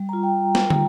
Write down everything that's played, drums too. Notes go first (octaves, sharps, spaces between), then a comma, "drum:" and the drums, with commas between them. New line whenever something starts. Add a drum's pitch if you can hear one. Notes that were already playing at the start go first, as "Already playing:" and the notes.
Already playing: G3
A#5
F4
G5
drum: snare
drum: tom